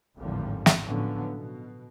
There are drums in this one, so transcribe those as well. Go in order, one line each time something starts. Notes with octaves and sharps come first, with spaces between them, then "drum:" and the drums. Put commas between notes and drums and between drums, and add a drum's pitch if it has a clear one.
G#1 E2 A2 D3 F3 G3
drum: snare
A2 D3 F3 F#3 B3 C#4
B2